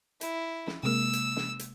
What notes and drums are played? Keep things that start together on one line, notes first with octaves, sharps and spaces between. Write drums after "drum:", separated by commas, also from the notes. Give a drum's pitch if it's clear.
E4, drum: hi-hat
drum: snare
C3 G#3 A#3 E6
drum: hi-hat
drum: snare
drum: hi-hat